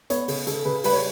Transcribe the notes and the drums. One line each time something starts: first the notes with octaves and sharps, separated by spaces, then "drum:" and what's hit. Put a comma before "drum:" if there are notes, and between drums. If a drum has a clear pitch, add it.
B3 C#5, drum: hi-hat
C#3, drum: open hi-hat
C#3 A4, drum: hi-hat
C#3 B4
G3 B4, drum: open hi-hat
C#5